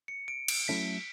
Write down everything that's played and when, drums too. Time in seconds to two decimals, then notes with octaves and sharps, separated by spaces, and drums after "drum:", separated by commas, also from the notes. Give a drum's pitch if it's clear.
0.08 C#7
0.28 D7
0.48 D7, drum: cymbal
0.68 F#3 A3 C#4 E4 A4 B6